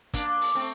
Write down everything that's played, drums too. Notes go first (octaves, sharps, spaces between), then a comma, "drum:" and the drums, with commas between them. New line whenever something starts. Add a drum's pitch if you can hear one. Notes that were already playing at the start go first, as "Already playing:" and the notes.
A#3 D4, drum: kick, hi-hat
drum: open hi-hat
A3 C4